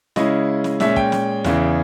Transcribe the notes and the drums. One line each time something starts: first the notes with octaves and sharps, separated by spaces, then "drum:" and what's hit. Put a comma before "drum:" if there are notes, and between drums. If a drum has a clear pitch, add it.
C#3 G#3 C#4 E4 D#5, drum: snare
drum: snare
A#2 G#3 C#4 E5, drum: snare
G5, drum: kick
drum: snare
E2 C#3 E3, drum: snare